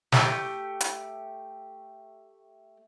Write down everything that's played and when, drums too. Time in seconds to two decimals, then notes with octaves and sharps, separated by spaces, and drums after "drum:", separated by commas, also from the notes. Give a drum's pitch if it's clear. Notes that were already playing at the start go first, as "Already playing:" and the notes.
0.12 A3 F#4 G4, drum: snare
0.81 drum: hi-hat